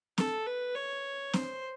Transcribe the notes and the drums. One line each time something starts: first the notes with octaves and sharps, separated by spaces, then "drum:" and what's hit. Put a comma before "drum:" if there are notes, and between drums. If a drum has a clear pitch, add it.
A4, drum: snare C4
B4
C#5
C5, drum: snare C4